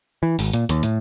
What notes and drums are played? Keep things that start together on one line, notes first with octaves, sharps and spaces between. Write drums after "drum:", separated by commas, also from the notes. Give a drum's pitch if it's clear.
E3
G#1, drum: open hi-hat
A#2, drum: hi-hat
D#2, drum: hi-hat
A2, drum: hi-hat